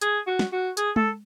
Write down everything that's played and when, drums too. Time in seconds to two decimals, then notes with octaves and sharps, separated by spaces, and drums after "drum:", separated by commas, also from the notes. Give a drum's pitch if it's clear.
0.02 G#4, drum: hi-hat
0.27 F#4
0.39 drum: snare
0.53 F#4
0.77 G#4, drum: hi-hat
0.96 A4, drum: tom G#3